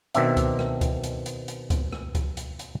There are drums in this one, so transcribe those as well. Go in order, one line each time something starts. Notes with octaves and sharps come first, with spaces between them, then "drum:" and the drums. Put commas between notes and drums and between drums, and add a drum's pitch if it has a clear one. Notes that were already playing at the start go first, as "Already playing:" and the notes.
B2 D#3 C4 D4 E5, drum: hi-hat
drum: kick C#2, hi-hat
drum: rim click
drum: kick C#2, hi-hat
drum: hi-hat
drum: hi-hat
drum: hi-hat
drum: kick C#2, hi-hat
drum: rim click
drum: kick C#2, hi-hat
drum: hi-hat
drum: hi-hat